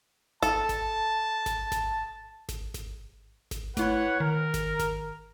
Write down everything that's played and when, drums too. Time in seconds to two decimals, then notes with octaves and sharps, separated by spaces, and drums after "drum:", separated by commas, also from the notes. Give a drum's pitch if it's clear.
0.42 A4 A5, drum: snare G#1
0.69 drum: snare G#1
1.46 drum: snare G#1
1.72 drum: snare G#1
2.49 drum: snare G#1
2.74 drum: snare G#1
3.51 drum: snare G#1
3.77 A3 E4 B4 C#5 F#5 B5, drum: snare G#1
4.20 D#3 A#4
4.54 drum: snare G#1
4.79 drum: snare G#1